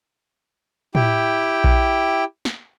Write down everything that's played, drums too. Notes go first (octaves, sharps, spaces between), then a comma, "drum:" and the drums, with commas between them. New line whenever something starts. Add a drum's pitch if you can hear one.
E4 G4 G5, drum: tom A2
drum: kick A#1
drum: snare